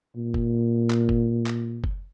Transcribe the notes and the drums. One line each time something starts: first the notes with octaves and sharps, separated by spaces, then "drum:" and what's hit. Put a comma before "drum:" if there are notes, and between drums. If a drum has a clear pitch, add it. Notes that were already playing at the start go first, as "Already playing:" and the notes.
A#2
drum: kick F#1
drum: clap
drum: kick F#1
drum: clap
drum: kick F#1